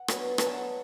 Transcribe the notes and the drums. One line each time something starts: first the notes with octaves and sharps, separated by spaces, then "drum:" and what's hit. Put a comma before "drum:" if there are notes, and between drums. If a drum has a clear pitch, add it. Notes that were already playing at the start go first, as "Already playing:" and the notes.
Already playing: F#5
F#3 B3 D4 G#5, drum: rim click
F#3 B3 D4 A5, drum: rim click
G#5
F#5